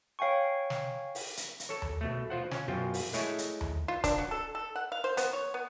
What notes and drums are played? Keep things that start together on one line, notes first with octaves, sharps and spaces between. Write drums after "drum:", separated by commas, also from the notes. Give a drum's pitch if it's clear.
C#5 F5 G5 G#5 C#6
drum: snare
drum: open hi-hat
drum: hi-hat
drum: hi-hat
A4 C#5
drum: tom D#2
B2 A3
F4 C5 F#5
C#4, drum: snare
F#2 B2 F4 G5
drum: open hi-hat
G#3 A3 E4 G#4 C#5, drum: hi-hat
drum: hi-hat
drum: tom D#2
F4
D4, drum: kick, hi-hat
F#3
A4
A4
F#5
F5
C5
B3, drum: hi-hat
C#5
B3